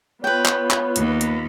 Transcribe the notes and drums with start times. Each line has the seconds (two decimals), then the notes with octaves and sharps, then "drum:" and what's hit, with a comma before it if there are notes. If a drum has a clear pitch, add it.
0.24 B3 F4 B4 C#5 G5
0.45 drum: clap
0.71 drum: clap
0.96 D#2, drum: hi-hat
1.21 drum: hi-hat